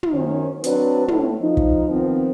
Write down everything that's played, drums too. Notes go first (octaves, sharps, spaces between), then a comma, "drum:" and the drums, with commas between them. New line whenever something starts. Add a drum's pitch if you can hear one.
drum: tom
F#2 D#3 C#4 C5 C#5
F#3 C4 D4 B4, drum: hi-hat
A2, drum: tom
F3 D#4
drum: kick
D#3 F3 B3 C4